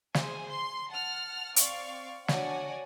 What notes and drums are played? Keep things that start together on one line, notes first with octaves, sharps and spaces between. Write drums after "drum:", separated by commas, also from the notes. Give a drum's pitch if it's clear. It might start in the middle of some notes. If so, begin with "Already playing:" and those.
G#4 C5 G#5, drum: snare
C6
F#5 A5 F6
C4 D5 F5 C#6, drum: hi-hat
D4 F#4 C#5 D5 F#5 G#5, drum: snare